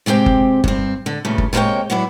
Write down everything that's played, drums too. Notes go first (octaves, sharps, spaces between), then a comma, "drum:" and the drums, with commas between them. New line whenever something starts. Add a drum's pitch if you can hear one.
C3 G#3 C4 G4 G5
drum: kick G1
G2 C4, drum: kick G1
D3
G2 A#2 C#3 A3
drum: kick G1
C3 G#3 A#3 B4 C#5 G5
F#3 B3 D4 E4